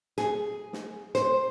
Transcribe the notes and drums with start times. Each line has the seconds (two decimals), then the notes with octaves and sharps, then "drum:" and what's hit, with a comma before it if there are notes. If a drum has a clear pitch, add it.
0.18 G#4, drum: snare
0.73 drum: snare
1.15 C5, drum: snare